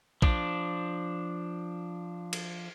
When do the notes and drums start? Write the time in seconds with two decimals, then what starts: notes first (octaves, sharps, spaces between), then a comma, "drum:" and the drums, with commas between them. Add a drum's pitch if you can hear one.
0.22 F3 D4, drum: kick
2.33 drum: cymbal